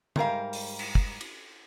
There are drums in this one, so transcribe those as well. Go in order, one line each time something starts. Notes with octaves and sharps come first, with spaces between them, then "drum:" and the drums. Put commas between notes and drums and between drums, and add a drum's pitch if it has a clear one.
G#2 G3 A#4 F5, drum: tom
drum: open hi-hat
drum: cymbal
drum: kick
drum: cymbal